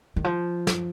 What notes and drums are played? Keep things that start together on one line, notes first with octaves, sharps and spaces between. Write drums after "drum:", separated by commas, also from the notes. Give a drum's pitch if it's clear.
D#3
F3
drum: snare